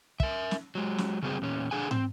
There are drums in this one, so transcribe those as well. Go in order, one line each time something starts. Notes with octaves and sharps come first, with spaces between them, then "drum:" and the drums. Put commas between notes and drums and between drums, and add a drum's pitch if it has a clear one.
A#4 E5, drum: kick
drum: snare
F#3 G#3
drum: snare
C#3 F#3 G3 C4 G#4
E2 A#2 C#4
D3 D4 G#4 F#5 G#5
C4, drum: tom